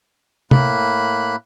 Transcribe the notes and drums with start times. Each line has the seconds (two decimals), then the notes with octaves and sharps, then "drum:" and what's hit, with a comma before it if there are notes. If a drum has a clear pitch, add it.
0.51 A2 A#3 B5 F#6, drum: tom